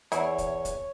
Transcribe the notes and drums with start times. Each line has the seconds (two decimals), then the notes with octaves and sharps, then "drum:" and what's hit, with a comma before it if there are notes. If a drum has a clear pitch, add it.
0.12 E2 E4 C#5, drum: hi-hat
0.38 drum: kick, hi-hat
0.65 drum: kick, hi-hat